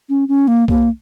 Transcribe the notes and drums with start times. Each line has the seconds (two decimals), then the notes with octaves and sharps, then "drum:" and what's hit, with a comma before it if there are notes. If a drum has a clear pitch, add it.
0.09 C#4
0.28 C#4
0.48 A#3
0.68 A#3, drum: kick B1